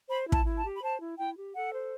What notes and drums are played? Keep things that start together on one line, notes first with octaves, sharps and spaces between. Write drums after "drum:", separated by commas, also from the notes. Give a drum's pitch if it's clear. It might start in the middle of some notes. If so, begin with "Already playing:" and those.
C5 B5
E4
A5, drum: kick
E4
A5
G4
B5
C5 A5
E4
E4 G5
G4
A4 F#5
C5